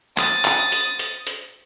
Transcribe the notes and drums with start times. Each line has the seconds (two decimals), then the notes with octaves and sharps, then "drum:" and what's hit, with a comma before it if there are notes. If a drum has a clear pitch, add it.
0.18 D#6 A6, drum: clap
0.45 drum: clap
0.72 drum: hi-hat
0.99 drum: hi-hat
1.27 drum: hi-hat